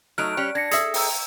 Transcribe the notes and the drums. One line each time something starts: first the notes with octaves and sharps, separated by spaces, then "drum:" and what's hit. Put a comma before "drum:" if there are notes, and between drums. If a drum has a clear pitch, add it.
F#3 A3 D#4 F6 F#6 D7
G3 C#4 C#5
D4 G#6 A#6 C#7
G#4 A4 E5, drum: hi-hat
G5 A#5 E6, drum: open hi-hat